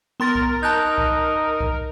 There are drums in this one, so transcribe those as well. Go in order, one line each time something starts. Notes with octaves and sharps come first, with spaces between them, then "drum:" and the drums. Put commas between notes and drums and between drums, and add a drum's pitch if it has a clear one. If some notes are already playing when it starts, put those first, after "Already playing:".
B3 A#4 C6 A6
drum: kick C2
D#4 A5 F#6 G6
drum: kick C2
drum: kick C2